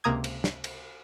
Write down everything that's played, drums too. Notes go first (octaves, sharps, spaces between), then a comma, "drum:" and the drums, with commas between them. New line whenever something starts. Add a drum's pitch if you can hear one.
C#2 C3 A#3 A#5 D#6 G#6
drum: cymbal
drum: snare
drum: cymbal